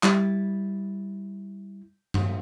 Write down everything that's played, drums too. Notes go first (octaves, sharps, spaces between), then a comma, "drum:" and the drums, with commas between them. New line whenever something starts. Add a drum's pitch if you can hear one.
G3 E4 A6, drum: clap
drum: tom G2